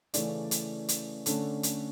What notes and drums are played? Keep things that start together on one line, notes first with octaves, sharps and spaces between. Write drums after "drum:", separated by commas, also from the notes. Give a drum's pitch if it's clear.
C#3 E3 A3 C#4 D5, drum: hi-hat
drum: hi-hat
drum: hi-hat
D3 A3 C#4, drum: hi-hat
drum: hi-hat